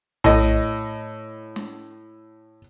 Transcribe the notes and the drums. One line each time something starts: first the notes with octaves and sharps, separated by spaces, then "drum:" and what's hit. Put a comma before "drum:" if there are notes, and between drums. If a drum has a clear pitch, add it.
A2 D#5, drum: tom A#1
drum: snare